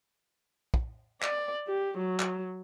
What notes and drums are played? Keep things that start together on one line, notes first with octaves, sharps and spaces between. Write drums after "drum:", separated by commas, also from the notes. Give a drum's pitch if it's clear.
drum: kick
D5, drum: clap
G4
F#3
drum: clap